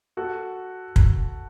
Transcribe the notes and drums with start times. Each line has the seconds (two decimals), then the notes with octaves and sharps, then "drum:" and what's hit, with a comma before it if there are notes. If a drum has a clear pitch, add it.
0.17 F#4 A4
0.96 drum: kick